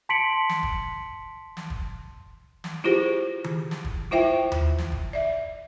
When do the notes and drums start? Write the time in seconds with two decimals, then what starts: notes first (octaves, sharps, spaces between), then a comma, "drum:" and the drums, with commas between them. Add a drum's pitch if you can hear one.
0.09 A5 C6 B6 C#7 D7 F#7
0.49 drum: snare
0.63 drum: kick
1.57 drum: snare
1.70 drum: kick
2.64 drum: snare
2.84 E4 F4 G4 G#4 C5
3.44 drum: tom D#3
3.71 drum: snare
3.85 drum: kick
4.11 E4 F4 C5 E5 G5
4.52 drum: tom D#2
4.78 drum: snare
4.92 drum: kick
5.13 D5 E5